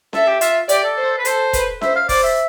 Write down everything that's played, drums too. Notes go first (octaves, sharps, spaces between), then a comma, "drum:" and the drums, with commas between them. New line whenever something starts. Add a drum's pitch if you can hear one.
A4 E5, drum: snare C#4
G4
F4 E5, drum: hi-hat
G4 D5, drum: hi-hat
A4
C5
B4
A4 C5, drum: hi-hat
B4, drum: kick, hi-hat
C5 E5, drum: snare C#4
F5
C5 D5, drum: kick, open hi-hat
E5